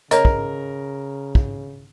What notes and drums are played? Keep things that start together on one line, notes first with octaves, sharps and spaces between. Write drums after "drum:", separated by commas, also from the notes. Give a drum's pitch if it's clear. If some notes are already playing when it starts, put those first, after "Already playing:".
C#3 A#4 C#5 D#5, drum: hi-hat
drum: kick
drum: kick